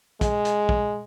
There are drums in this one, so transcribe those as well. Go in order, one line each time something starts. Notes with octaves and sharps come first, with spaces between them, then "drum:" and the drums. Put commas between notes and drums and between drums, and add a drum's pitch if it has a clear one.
G#3, drum: kick, hi-hat
drum: hi-hat
drum: kick